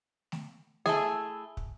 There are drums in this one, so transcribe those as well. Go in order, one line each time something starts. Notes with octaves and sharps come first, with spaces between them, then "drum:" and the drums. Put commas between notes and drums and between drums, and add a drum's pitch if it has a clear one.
drum: snare
A3 E4 G#4, drum: snare
drum: kick